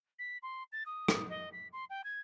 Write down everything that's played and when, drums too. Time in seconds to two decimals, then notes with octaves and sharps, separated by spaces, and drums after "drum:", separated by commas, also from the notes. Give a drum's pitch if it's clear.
0.19 B6
0.43 C6
0.72 A6
0.86 D#6
1.08 drum: rim click
1.30 D#5
1.52 B6
1.73 C6
1.90 G5
2.04 G#6